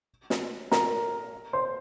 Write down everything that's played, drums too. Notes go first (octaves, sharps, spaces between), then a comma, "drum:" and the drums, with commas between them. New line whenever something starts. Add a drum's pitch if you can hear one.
drum: snare
A#4 A#5, drum: snare
C5 C6